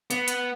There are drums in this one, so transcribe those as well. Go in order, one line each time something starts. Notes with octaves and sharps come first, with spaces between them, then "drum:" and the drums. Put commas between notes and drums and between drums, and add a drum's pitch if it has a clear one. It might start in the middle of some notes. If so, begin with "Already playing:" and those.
B3, drum: hi-hat
drum: hi-hat